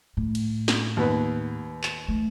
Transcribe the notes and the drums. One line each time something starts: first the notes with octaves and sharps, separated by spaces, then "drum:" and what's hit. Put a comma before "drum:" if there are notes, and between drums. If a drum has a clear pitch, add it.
A2
drum: cymbal
drum: snare
D#2 B3 B4
drum: clap
A3